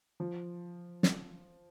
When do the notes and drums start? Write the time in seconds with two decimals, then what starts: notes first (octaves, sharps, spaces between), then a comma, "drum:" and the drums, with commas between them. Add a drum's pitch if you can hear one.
0.20 F3
1.03 drum: snare